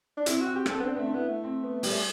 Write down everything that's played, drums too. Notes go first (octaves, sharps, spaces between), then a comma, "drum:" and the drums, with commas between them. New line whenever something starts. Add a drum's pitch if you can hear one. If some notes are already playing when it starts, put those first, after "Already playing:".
D4
C4 E4, drum: hi-hat
F#4
C4
G4
C4 A4, drum: rim click
B3
C4 D4
B3
A3 C4
D4
B3 E4
A3
C4
B3
G3, drum: open hi-hat
A3